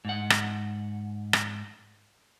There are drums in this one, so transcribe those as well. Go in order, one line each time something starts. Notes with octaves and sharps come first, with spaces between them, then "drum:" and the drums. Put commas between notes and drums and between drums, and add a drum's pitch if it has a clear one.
G#2 F#5
drum: rim click
drum: rim click